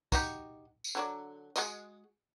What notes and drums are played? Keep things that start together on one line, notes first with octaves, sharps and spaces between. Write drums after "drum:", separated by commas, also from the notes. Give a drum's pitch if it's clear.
D#4 F#4 G4, drum: kick, tambourine
drum: tambourine
D3 F#3 D5
G#3 F#4 D#5, drum: tambourine